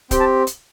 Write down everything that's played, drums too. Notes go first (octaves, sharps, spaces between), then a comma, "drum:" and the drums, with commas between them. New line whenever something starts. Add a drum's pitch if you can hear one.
C4 G4 G5, drum: kick C#1, hi-hat
A5
drum: hi-hat